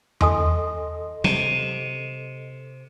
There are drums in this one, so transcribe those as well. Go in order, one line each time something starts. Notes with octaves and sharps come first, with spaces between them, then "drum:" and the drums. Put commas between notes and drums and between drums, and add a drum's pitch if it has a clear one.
E4 A4 D#5 G#5 C6 D#6, drum: tom E2
C3, drum: snare C4